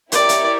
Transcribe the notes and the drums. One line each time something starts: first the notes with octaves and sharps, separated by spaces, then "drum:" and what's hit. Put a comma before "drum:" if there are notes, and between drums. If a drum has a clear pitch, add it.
E4 G4 A#4 C#5 D5, drum: hi-hat
drum: hi-hat